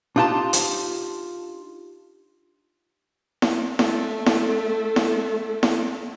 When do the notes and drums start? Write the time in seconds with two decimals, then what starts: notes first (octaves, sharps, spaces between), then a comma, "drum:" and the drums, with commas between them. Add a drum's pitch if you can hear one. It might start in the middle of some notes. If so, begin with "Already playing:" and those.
0.16 D4 D#4 F4 G4 A5 C6
0.53 drum: hi-hat
3.42 drum: snare E4
3.79 A3 A4, drum: snare E4
4.26 drum: snare E4
4.96 drum: snare E4
5.63 drum: snare E4